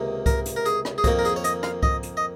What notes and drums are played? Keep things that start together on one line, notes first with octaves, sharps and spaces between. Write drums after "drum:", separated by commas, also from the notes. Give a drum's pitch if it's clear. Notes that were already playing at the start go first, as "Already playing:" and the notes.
Already playing: C#2 C3 D#3 A#3
A#4, drum: kick C2, hi-hat
drum: hi-hat
A#4
G#4, drum: hi-hat
drum: rim click
G#4
F2 D#3 A#3 F#4, drum: kick C2, hi-hat
A#4
G#4, drum: hi-hat
C#5
D#5, drum: hi-hat
F5, drum: rim click
D#5, drum: kick C2
drum: hi-hat
D#5